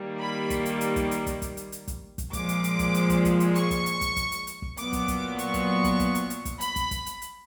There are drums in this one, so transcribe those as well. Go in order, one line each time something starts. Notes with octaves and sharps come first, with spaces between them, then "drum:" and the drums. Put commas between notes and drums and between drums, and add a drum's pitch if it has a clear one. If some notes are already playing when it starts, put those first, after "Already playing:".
Already playing: D#3 G3 A#3
B5
drum: kick, hi-hat
drum: hi-hat
drum: hi-hat
drum: kick, hi-hat
drum: hi-hat
drum: kick, hi-hat
drum: kick, hi-hat
drum: hi-hat
drum: hi-hat
drum: kick, hi-hat
drum: kick, hi-hat
A#2 F3 G#3 D6, drum: kick, hi-hat
drum: hi-hat
drum: hi-hat
drum: kick, hi-hat
drum: hi-hat
drum: kick, hi-hat
drum: kick, hi-hat
drum: hi-hat
C#6, drum: hi-hat
drum: kick, hi-hat
drum: hi-hat
drum: kick, hi-hat
drum: kick, hi-hat
drum: hi-hat
drum: hi-hat
drum: kick
A#2 F#3 B3 D6, drum: hi-hat
drum: kick, hi-hat
drum: kick, hi-hat
C#6, drum: hi-hat
drum: kick, hi-hat
drum: kick, hi-hat
drum: kick, hi-hat
drum: hi-hat
drum: hi-hat
drum: kick, hi-hat
B5, drum: hi-hat
drum: kick, hi-hat
drum: kick, hi-hat
drum: hi-hat
drum: hi-hat